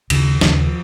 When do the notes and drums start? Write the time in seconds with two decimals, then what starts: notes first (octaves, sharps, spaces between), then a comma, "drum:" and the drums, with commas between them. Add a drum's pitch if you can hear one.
0.10 D#2 C#3, drum: cymbal
0.41 D#2 C#3 F3, drum: snare